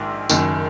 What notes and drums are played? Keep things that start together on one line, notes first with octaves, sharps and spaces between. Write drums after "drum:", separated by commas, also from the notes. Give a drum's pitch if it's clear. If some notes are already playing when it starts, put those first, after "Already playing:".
Already playing: A#1 G#2 D#3
F#1 F#2 D#3, drum: tambourine